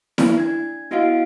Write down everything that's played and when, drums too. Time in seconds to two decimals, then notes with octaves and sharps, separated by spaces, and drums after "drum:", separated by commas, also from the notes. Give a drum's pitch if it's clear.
0.18 E4, drum: snare E4
0.38 D4 G#6
0.91 B3 E4 F#4 D#5 F5 D7